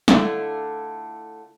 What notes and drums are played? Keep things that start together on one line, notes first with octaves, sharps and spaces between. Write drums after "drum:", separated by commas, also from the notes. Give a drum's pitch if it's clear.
D3 A3 D4 E4 F4, drum: snare